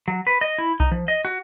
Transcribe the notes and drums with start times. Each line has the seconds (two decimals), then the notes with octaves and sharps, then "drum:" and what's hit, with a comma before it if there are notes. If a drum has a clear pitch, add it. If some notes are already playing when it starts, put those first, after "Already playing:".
0.08 F#3
0.27 B4
0.41 D#5
0.58 E4
0.80 D#4, drum: kick B1
0.91 F3
1.08 D#5
1.25 F#4